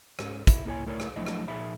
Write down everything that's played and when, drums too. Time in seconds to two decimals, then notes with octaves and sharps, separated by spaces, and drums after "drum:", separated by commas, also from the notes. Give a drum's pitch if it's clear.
0.19 G#2 C#4, drum: rim click
0.47 E4, drum: kick, hi-hat
0.66 A#3 B3 E4 A4 C#5 G#5
0.86 A3 E4 A#4 B4 C#5 D5
1.00 drum: rim click
1.16 F3 F#3 A3 D4 E4 D#5
1.26 drum: rim click
1.48 A#2 F3 D#4 G#4 E5 B5